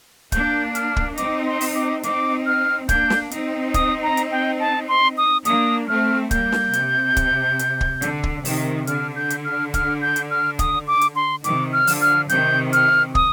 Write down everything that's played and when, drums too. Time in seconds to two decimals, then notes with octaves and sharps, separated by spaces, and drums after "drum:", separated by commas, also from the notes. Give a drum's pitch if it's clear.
0.32 A#3 D4 G6, drum: kick, hi-hat
0.75 F6, drum: hi-hat
0.96 drum: kick
1.17 C4 D#4 D6, drum: hi-hat
1.46 C6
1.61 drum: open hi-hat
1.75 D6
2.03 C4 D#4 D6, drum: hi-hat
2.46 F6
2.89 A#3 D4 G6, drum: kick, hi-hat
3.10 drum: snare
3.31 C4 D#4, drum: hi-hat
3.74 D#6, drum: kick, hi-hat
4.03 A#5
4.17 drum: hi-hat
4.32 G5
4.60 A5
4.88 C6
5.18 D#6
5.45 A#3 D4 D#6, drum: hi-hat
5.88 A3 C4 F6
6.31 G3 A#3 G6, drum: kick, hi-hat
6.52 drum: snare
6.73 C3, drum: hi-hat
7.17 drum: kick, hi-hat
7.59 drum: hi-hat
7.81 drum: kick
8.02 D3, drum: hi-hat
8.23 drum: kick
8.45 C3 D#3, drum: open hi-hat
8.87 D3 F6, drum: hi-hat
9.16 G6
9.30 drum: hi-hat
9.45 F6
9.74 F6, drum: kick, hi-hat
10.02 G6
10.16 drum: hi-hat
10.30 F6
10.59 D#6, drum: kick, hi-hat
10.87 D6
11.01 drum: hi-hat
11.16 C6
11.44 C3 D#3 D6, drum: hi-hat
11.73 F6
11.87 D3 F3, drum: open hi-hat
12.01 F6
12.29 C3 D#3 G6, drum: hi-hat
12.73 F6, drum: hi-hat
13.15 D#6, drum: kick